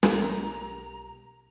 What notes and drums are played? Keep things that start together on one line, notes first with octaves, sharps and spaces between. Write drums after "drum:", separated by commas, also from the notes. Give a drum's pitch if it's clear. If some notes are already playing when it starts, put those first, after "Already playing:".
B1 D#3 B3 G4 A#4 A#5, drum: snare